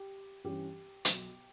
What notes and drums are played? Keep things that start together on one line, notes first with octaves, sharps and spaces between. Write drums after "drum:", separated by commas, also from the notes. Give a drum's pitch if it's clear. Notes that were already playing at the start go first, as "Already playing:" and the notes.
Already playing: G4
G2 E3 G3 C#4 G4
B1 B2 F#3, drum: hi-hat